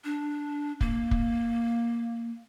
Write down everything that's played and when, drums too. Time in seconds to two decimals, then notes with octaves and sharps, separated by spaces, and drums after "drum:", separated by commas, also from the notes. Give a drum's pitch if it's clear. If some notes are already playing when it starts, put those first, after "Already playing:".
0.04 D4
0.81 A#3, drum: kick
1.11 drum: kick